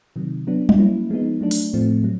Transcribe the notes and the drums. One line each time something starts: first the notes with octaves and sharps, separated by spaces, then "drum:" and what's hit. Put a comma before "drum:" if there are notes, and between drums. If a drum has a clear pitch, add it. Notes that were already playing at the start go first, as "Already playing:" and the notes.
C3 D#3 F#3
F#3 B3 D4
drum: tom G3
F#3 A#3 C#4 E4
F3 G#3 B3 D#4
F#3 A3 D4
drum: open hi-hat
A2 F3 A3 C4
F#3